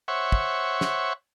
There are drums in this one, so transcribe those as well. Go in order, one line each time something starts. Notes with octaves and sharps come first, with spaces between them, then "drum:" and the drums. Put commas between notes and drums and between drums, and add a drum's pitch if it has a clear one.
C5 C#5 E5 F#5 C#6
drum: kick
drum: snare